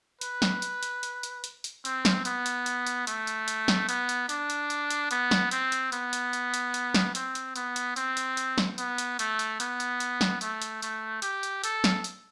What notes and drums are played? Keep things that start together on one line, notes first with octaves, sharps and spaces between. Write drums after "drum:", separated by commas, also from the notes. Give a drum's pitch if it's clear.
B4, drum: hi-hat
drum: snare
drum: hi-hat
drum: hi-hat
drum: hi-hat
drum: hi-hat
drum: hi-hat
drum: hi-hat
C4, drum: hi-hat
drum: snare
B3, drum: hi-hat
drum: hi-hat
drum: hi-hat
drum: hi-hat
A3, drum: hi-hat
drum: hi-hat
drum: hi-hat
drum: snare
B3, drum: hi-hat
drum: hi-hat
D4, drum: hi-hat
drum: hi-hat
drum: hi-hat
drum: hi-hat
B3, drum: hi-hat
drum: snare
C4, drum: hi-hat
drum: hi-hat
B3, drum: hi-hat
drum: hi-hat
drum: hi-hat
drum: hi-hat
drum: hi-hat
drum: snare
C4, drum: hi-hat
drum: hi-hat
B3, drum: hi-hat
drum: hi-hat
C4, drum: hi-hat
drum: hi-hat
drum: hi-hat
drum: snare
B3, drum: hi-hat
drum: hi-hat
A3, drum: hi-hat
drum: hi-hat
B3, drum: hi-hat
drum: hi-hat
drum: hi-hat
drum: snare
A3, drum: hi-hat
drum: hi-hat
A3, drum: hi-hat
G4, drum: hi-hat
drum: hi-hat
A4, drum: hi-hat
drum: snare
drum: hi-hat